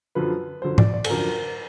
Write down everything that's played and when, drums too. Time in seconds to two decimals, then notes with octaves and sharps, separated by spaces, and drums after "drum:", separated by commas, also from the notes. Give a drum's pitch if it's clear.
0.15 F#2 D3 F3 B4
0.62 F#2 D3 F3 C5
0.78 D5, drum: tom G#2
0.94 D5
1.04 A4, drum: cymbal
1.10 F#2 D3 F3 A#4